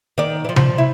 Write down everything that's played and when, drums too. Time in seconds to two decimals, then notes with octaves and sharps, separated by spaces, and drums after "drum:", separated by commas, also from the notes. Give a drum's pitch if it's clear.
0.18 D#3 D5
0.45 E3 F3
0.56 F3, drum: tom C3
0.78 E4